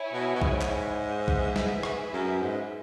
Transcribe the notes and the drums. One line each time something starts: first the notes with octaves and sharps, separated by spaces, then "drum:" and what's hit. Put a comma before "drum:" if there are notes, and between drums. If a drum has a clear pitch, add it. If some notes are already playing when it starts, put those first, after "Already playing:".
Already playing: E4 C#5 G#5
B2
B2
G#2, drum: kick B1
drum: clap
E4 G#4 B4 E5, drum: kick B1
drum: snare
drum: rim click
F#2
G#2